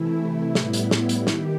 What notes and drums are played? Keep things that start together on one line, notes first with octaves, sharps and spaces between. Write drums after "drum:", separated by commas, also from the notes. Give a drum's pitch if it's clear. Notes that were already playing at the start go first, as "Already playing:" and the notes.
Already playing: C3 E3 A3 E4
A2 G3 B3, drum: snare
drum: hi-hat
drum: snare
drum: hi-hat
D#3 G4, drum: snare